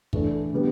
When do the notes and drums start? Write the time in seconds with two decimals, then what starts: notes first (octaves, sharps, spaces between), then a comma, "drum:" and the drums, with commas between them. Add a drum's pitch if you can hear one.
0.13 E3 A3 D4 A4, drum: kick
0.53 D3 G3 B3